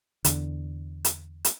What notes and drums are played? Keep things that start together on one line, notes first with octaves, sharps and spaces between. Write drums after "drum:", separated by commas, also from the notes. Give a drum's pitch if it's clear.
E2 D3, drum: hi-hat
drum: hi-hat
drum: hi-hat